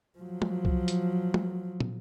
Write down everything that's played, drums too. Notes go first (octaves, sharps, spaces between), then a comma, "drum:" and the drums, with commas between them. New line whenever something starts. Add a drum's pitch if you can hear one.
F3 F#3
drum: tom
drum: kick C2
drum: hi-hat
drum: tom
drum: tom